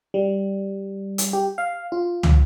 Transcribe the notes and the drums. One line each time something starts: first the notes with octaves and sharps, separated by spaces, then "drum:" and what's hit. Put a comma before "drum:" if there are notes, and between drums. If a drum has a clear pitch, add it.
G3
drum: hi-hat
G4
F5
F4
drum: tom